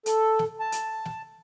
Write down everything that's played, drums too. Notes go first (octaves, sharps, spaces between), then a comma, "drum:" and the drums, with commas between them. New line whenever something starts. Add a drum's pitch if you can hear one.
A4, drum: hi-hat
drum: snare
A5
drum: hi-hat
drum: snare